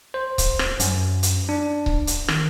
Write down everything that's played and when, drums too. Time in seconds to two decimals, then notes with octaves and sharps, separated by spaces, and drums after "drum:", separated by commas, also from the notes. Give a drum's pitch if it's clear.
0.14 C5
0.38 drum: kick C#1, hi-hat
0.59 drum: rim click
0.80 F#2, drum: hi-hat
1.23 drum: hi-hat
1.49 D4
1.86 drum: kick C#1
2.07 drum: hi-hat
2.28 D#3, drum: rim click